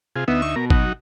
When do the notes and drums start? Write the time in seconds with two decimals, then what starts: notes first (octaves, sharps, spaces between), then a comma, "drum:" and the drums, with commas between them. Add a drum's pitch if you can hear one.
0.16 C3 F4 G#4
0.28 D2 B3 D#4 E5
0.42 C#6
0.56 B2 A#4
0.70 F#3 D#4 F#4, drum: kick G#1